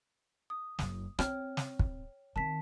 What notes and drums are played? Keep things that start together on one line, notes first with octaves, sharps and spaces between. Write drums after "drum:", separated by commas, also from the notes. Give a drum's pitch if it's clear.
D#6
F#1 F#2, drum: snare
C4 C#5 G5 F6, drum: rim click
drum: snare
drum: kick
D#3 C4 A5 B6